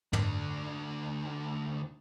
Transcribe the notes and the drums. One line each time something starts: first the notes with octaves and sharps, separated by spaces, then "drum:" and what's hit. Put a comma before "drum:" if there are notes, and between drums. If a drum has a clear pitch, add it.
D2 D4, drum: tom